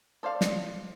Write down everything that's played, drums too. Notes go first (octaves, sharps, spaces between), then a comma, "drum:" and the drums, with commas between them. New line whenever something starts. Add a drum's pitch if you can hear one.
A4 C5 D5 F5
drum: snare